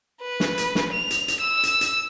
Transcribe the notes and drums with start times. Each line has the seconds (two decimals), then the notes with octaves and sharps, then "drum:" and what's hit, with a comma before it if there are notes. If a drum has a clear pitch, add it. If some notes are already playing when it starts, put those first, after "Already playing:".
0.21 B4
0.40 drum: snare
0.58 drum: hi-hat
0.75 drum: snare
0.93 F7
1.10 drum: hi-hat
1.28 drum: hi-hat
1.40 E6
1.63 drum: hi-hat
1.81 drum: hi-hat